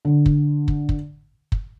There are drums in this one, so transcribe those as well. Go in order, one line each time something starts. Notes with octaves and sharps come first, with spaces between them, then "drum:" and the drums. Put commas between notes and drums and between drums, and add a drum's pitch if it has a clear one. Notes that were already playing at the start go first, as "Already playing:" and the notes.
D3
drum: kick
drum: kick
drum: kick
drum: kick